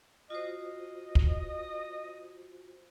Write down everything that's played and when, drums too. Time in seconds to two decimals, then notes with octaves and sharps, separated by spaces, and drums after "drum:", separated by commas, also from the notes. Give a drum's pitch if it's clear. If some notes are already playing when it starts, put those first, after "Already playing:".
0.30 F4 F#4 C5 D#5
1.15 drum: kick